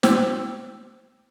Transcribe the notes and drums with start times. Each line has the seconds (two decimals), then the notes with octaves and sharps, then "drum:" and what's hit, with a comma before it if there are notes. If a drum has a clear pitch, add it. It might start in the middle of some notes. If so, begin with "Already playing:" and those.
0.03 C5 G5 E6, drum: snare